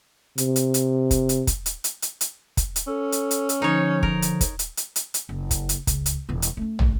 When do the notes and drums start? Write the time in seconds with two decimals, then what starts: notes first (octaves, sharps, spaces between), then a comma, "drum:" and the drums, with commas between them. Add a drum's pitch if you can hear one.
0.38 C3, drum: hi-hat
0.56 drum: hi-hat
0.74 drum: hi-hat
1.11 drum: kick, hi-hat
1.29 drum: hi-hat
1.47 drum: kick, hi-hat
1.66 drum: hi-hat
1.84 drum: hi-hat
2.02 drum: hi-hat
2.21 drum: hi-hat
2.57 drum: kick, hi-hat
2.76 drum: hi-hat
2.87 C#4 A4
3.12 drum: hi-hat
3.31 drum: hi-hat
3.49 drum: hi-hat
3.62 D3 F3 D#4 C#5
4.03 A#4, drum: kick
4.22 drum: hi-hat
4.41 drum: kick, hi-hat
4.59 drum: hi-hat
4.77 drum: hi-hat
4.96 drum: hi-hat
5.14 drum: hi-hat
5.29 F#1
5.51 drum: kick, hi-hat
5.69 drum: hi-hat
5.87 C#2, drum: kick, hi-hat
6.06 drum: hi-hat
6.29 E1 E3
6.42 drum: hi-hat
6.57 A3 C#4
6.79 drum: tom